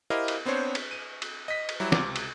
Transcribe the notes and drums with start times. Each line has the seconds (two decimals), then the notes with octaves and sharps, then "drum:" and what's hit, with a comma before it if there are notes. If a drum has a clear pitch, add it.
0.10 E4 G4 A#4 C5 D#5 F5
0.28 drum: cymbal
0.45 B3 C4 D4 C5 C#5
0.75 drum: cymbal
0.91 D#7
1.22 drum: cymbal
1.48 D#5 B6
1.69 drum: cymbal
1.80 F#3 G3 E4
1.92 C#2 C3 D6, drum: snare
2.16 drum: cymbal